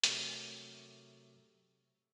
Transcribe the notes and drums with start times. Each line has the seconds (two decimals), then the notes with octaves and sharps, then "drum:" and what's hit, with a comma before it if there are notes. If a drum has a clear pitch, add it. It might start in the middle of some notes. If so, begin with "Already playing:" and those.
0.04 C3 F#3 A3 A#4 C#6, drum: hi-hat